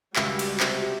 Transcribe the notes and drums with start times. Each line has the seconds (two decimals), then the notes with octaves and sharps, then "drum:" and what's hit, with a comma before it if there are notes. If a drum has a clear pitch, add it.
0.16 C#2 G3 F#4 E5 F5, drum: clap
0.39 drum: cymbal
0.60 C3, drum: clap